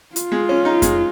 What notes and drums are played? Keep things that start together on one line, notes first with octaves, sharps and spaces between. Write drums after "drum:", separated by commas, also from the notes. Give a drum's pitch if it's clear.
F4, drum: hi-hat
G#3
C#4
D#4
G#3, drum: kick F2, hi-hat